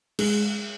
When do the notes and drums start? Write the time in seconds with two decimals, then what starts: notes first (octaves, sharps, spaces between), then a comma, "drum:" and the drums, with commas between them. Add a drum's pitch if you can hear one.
0.19 G#3, drum: cymbal